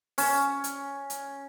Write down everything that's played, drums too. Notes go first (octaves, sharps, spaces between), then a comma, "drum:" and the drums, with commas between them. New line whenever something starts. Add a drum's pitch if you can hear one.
C#4, drum: open hi-hat
drum: hi-hat
drum: hi-hat